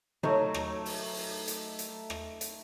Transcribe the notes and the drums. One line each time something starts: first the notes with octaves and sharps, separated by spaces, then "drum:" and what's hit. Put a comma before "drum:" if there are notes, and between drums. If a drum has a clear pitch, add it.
F#3 A3 D#4, drum: tom
drum: rim click
drum: open hi-hat
drum: open hi-hat
drum: hi-hat
drum: hi-hat
drum: rim click
drum: hi-hat